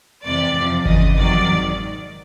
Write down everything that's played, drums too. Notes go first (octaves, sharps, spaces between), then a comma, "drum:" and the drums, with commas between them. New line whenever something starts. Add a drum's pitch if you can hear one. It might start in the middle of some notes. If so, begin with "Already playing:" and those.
F2 C3 E3 D5
F2 C3 F3
E2 C#3 E3 D#5, drum: kick G1
F2 C3 D#3 F#3 D5
G#2 D#3